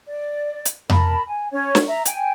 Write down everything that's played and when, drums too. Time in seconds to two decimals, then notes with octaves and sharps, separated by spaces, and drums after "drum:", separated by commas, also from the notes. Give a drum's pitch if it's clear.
0.07 D5
0.66 drum: hi-hat
0.90 A#4 A5 B5, drum: tom F2
1.28 G#5
1.52 C#4 C#5
1.75 drum: snare
1.88 E5 A#5
2.06 G5 G#5, drum: hi-hat